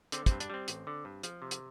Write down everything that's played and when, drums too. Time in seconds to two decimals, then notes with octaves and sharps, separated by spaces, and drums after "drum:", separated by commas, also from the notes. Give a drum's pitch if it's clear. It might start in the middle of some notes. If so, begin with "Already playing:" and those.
0.12 D3 C4, drum: hi-hat
0.26 C4, drum: kick, hi-hat
0.31 G2
0.40 D4, drum: hi-hat
0.50 G3 C4
0.68 A1, drum: hi-hat
0.87 D3
1.05 G2
1.23 F3, drum: hi-hat
1.42 C3
1.51 drum: hi-hat